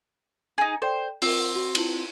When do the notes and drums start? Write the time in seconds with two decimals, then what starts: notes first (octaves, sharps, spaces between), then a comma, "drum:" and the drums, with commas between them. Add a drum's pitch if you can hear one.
0.58 D#4 G#4 G#6
0.82 A4 C5 D5 G5
1.22 C4 F4 A#4, drum: open hi-hat
1.56 F#4
1.75 E4 F4 F#7, drum: cymbal